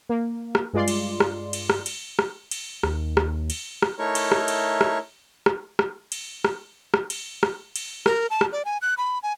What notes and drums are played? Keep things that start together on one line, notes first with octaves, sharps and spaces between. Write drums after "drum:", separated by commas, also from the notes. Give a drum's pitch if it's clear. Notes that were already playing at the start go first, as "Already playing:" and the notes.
A#3
drum: rim click
G2 G#3 F4 D5 C6
drum: cymbal
drum: rim click
drum: cymbal
drum: rim click
drum: cymbal
drum: rim click
drum: cymbal
D#2, drum: rim click
drum: rim click
drum: cymbal
drum: rim click
A3 D#4 E4 A#4 C#5 C#6
drum: cymbal
drum: rim click
drum: cymbal
drum: rim click
drum: rim click
drum: rim click
drum: cymbal
drum: rim click
drum: rim click
drum: cymbal
drum: rim click
drum: cymbal
A#4, drum: rim click
A5
drum: rim click
D5
G#5
F#6
B5
G#5